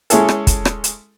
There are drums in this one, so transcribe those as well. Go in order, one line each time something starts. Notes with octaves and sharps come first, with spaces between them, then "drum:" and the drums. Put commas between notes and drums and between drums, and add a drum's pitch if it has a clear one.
G#3 C#4 E4 G#4 A4, drum: hi-hat
drum: rim click
drum: kick, hi-hat
drum: rim click
drum: hi-hat